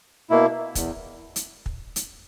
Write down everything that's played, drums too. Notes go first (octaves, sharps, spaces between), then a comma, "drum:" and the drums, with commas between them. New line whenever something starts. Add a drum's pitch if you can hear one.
B2 A#3 E4
E2, drum: kick, hi-hat
drum: hi-hat
drum: kick
drum: hi-hat